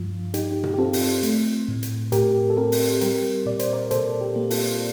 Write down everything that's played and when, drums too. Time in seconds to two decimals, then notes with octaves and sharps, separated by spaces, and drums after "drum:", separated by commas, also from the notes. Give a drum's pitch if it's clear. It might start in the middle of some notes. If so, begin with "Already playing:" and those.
Already playing: G2 F3 F4
0.34 D#4 G4, drum: hi-hat
0.63 drum: tom A#2
0.74 G4
0.78 C4 F4 A4
0.93 drum: open hi-hat
1.23 A3, drum: hi-hat
1.68 A2
1.83 drum: hi-hat
2.12 A2 G4 A#4, drum: hi-hat
2.50 A4
2.57 C4 G4 A#4
2.72 drum: open hi-hat
3.01 G3 G4 A#4, drum: hi-hat
3.46 A#2 D5
3.59 C5, drum: hi-hat
3.73 A#4 D5
3.91 A#2 A4 C5, drum: hi-hat
4.21 G4
4.36 A#3
4.50 F4 A4, drum: open hi-hat